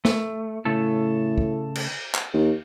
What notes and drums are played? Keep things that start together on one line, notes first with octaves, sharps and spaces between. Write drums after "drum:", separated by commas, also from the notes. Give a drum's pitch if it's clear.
A3, drum: snare
A2 C#3 A3 A4
drum: kick
drum: cymbal
drum: clap
D#2